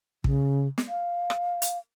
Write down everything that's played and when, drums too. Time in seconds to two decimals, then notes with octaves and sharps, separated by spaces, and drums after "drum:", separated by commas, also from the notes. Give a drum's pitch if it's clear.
0.24 C#3, drum: kick
0.78 drum: snare
0.89 F5
1.30 drum: rim click
1.62 drum: hi-hat